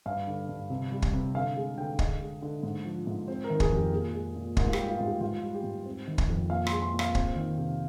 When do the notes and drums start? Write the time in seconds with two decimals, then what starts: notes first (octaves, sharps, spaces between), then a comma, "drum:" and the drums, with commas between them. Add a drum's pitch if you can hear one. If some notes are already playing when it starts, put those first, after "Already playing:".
0.06 G2 F5
0.27 D3
0.49 G2
0.70 C3
0.92 G3
1.02 drum: kick
1.14 C3
1.34 D3 F5
1.56 G#3
1.78 D3 G5
1.99 D3 D#5, drum: kick
2.21 G#3
2.42 D3
2.63 G#2
2.85 F3
3.07 G#2
3.28 C4 C5
3.44 A#4
3.50 D#3
3.60 G#4, drum: kick
3.71 F2 G4
3.92 A#2 G#4
4.14 G#3
4.35 A#2
4.57 G#2 A#4, drum: kick
4.67 F4
4.73 G4, drum: rim click
4.79 G3
4.89 F4
5.00 G#2
5.06 G4
5.21 G#2 F4
5.43 G3
5.54 G4
5.64 G#2
5.86 C4
6.07 D#3
6.18 drum: kick
6.29 F2
6.50 A#2 F5
6.67 C6, drum: rim click
6.71 G#3
6.82 C6
6.93 A#2
6.99 F5, drum: rim click
7.15 C4, drum: kick
7.36 D#3
7.58 C3